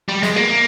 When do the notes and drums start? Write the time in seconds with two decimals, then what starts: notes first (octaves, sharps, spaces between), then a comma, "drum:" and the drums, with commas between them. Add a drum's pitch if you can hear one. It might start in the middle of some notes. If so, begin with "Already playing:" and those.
0.08 G3
0.23 G#3, drum: snare
0.36 A#3